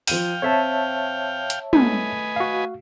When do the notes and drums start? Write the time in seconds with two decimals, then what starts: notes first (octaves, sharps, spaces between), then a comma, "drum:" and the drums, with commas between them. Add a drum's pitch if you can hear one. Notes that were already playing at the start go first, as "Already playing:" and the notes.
0.07 F3 F5 G5 D#7, drum: open hi-hat
0.42 C4 C#5 E5 A5
1.50 drum: hi-hat
1.73 A3 B4 D#5 G#5, drum: tom
2.36 F#4 F5